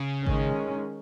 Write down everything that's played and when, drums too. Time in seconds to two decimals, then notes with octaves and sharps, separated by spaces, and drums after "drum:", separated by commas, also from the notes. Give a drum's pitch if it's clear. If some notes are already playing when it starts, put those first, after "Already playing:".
Already playing: C#3
0.26 D#3 G#3 C#4, drum: kick G#1